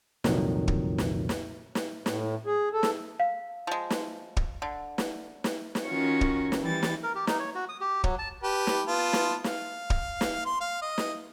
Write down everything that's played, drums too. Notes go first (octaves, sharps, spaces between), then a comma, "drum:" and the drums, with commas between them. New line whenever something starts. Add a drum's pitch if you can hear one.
C2 F2 A#2 D#3 F#3, drum: snare
drum: kick
drum: snare
drum: snare
drum: snare
A2, drum: snare
G#4
A4
drum: snare
F5
F3 G#3
drum: snare
drum: kick
D3
drum: snare
drum: snare
drum: snare
D#3 C#4 F4 F#4 C#5
drum: kick
drum: snare
E3 G3 A6
drum: snare
A#4
G4
D#4, drum: snare
C#5
F#4
D#6
G4
F#3, drum: kick
A5
G4 B4 A5
drum: snare
B3 F4 A5
drum: snare
F5, drum: snare
drum: kick
drum: snare
C6
F5
D#5
drum: snare